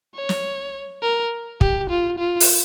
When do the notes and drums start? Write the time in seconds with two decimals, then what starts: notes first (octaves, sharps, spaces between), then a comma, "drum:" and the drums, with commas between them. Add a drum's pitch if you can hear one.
0.15 C#5
0.29 drum: snare
1.02 A#4
1.61 G4, drum: kick
1.90 F4
2.19 F4
2.40 drum: open hi-hat